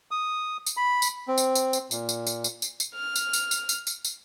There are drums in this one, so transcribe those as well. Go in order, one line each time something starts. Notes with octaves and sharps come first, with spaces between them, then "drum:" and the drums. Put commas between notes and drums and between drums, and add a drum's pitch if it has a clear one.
D#6
drum: tambourine
B5
drum: tambourine
C4
drum: tambourine
drum: tambourine
drum: tambourine
A#2, drum: tambourine
drum: tambourine
drum: tambourine
drum: tambourine
drum: tambourine
drum: tambourine
F6
drum: tambourine
drum: tambourine
drum: tambourine
drum: tambourine
drum: tambourine
drum: tambourine